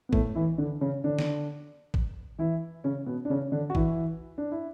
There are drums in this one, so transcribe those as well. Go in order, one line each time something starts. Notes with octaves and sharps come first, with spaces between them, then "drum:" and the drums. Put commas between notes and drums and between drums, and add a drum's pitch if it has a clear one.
B3
A2 A3, drum: kick
E3 E4
D3 D4
C#3 C#4
D3 D4
drum: snare
drum: kick
E3 E4
C#3 C#4
B2 B3
D4
C#3 C#4
D3 D4
F#4
E3 E4, drum: kick
D4
E4